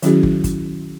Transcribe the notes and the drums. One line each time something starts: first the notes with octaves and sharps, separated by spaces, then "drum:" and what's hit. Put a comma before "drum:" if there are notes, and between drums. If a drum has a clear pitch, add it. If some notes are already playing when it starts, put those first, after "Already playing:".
D#3 F#3 C#4 E4 F#4 G#4, drum: hi-hat
drum: kick
drum: kick, hi-hat